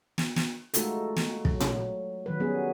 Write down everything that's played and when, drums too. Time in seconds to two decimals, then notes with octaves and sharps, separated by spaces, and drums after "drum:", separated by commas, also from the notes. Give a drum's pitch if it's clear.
0.18 drum: snare
0.36 drum: snare
0.74 G#3 A3 D#4 F4 F#4 A4, drum: hi-hat
1.16 drum: snare
1.45 F#3, drum: kick
1.60 drum: tom A#2
2.26 D#3 F#3 B4
2.40 F#3 G3 B3 C#4 F#4 G#4